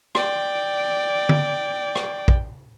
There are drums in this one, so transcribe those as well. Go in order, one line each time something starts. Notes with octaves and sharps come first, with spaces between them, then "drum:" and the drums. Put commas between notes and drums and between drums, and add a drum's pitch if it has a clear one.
D5 G5, drum: rim click
drum: tom D3
drum: rim click
drum: kick A#1